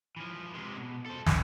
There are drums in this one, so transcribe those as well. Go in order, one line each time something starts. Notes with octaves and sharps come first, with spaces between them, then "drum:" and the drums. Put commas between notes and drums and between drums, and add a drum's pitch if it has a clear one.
E3 F3
C3 G#3
B2
A4 C5
C#3, drum: snare